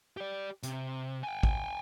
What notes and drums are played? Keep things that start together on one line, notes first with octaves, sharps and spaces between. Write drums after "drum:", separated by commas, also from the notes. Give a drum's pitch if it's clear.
G4 D5
C3, drum: hi-hat
G5 G#5
drum: kick